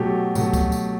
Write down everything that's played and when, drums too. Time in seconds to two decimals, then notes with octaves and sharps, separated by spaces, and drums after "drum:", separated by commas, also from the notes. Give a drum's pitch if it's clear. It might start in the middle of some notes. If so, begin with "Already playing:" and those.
Already playing: B2 F#3 A3 G4
0.35 B2 F#3 A3, drum: tambourine
0.53 drum: kick C#2, tambourine
0.72 drum: tambourine